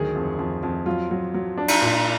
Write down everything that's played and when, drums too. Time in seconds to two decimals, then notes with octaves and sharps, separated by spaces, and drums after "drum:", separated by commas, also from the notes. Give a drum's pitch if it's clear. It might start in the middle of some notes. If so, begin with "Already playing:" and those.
Already playing: D2 D#3 F#3 G#4
0.16 F2
0.39 F2
0.63 F2
0.86 F#3 F4
1.11 F#3
1.34 F#3
1.58 D4
1.68 drum: cymbal
1.82 A#2